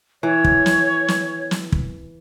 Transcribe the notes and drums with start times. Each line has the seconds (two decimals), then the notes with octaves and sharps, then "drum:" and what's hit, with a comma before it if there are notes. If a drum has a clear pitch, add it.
0.23 E3 C#5
0.44 drum: kick
0.66 drum: snare
1.08 drum: snare
1.51 drum: snare
1.72 drum: kick